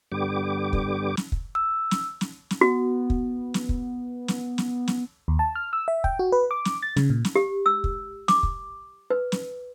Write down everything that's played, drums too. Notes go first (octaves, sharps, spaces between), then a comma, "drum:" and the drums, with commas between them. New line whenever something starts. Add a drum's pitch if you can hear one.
G2 D3 G3 B3 G4 D6
drum: kick
drum: snare
drum: kick
E6
drum: snare
drum: snare
drum: snare
B3 F#4
drum: kick
drum: snare
drum: kick
drum: snare
drum: snare
drum: snare
D#2
A5
F6
E6
E5
G5, drum: kick
F#4
B4
D6
drum: snare
A6
C#3, drum: snare
A#2
drum: snare
G4
E6
drum: kick
D6, drum: snare
drum: kick
B4
drum: snare